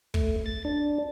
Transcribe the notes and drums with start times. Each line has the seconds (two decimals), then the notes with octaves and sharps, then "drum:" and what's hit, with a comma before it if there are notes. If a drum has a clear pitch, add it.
0.14 A3, drum: kick
0.46 A6
0.65 D4